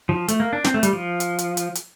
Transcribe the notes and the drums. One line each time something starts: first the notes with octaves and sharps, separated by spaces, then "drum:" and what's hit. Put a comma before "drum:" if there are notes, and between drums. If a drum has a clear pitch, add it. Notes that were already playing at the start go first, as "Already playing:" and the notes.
F3
A3, drum: hi-hat
A#3
D4
C4, drum: snare
A3
G3, drum: hi-hat
F3
drum: hi-hat
drum: hi-hat
drum: hi-hat
drum: hi-hat